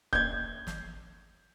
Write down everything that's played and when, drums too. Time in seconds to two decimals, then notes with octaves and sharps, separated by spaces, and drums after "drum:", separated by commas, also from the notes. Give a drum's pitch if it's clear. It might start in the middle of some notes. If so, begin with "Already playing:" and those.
0.13 G6 G#6, drum: kick E1
0.67 drum: snare